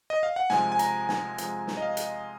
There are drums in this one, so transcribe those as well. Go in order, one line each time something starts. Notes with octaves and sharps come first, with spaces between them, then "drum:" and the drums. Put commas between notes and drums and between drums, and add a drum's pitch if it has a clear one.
D#5
F5
F#5
C3 F3 G#3 G#5, drum: snare
G#5
A#5, drum: hi-hat
G#5, drum: snare
C3 F3 G#3, drum: hi-hat
drum: snare
D#5
F5
drum: hi-hat